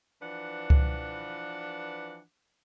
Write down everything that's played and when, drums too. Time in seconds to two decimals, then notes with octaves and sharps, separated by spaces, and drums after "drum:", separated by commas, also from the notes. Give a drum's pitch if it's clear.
0.22 E3 F3 D4 B4 F#5
0.70 drum: kick C#2